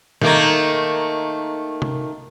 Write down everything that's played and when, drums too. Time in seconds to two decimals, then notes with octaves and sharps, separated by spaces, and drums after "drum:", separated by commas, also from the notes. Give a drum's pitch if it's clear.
0.22 D#3 A3 A#3, drum: snare
1.82 drum: tom C3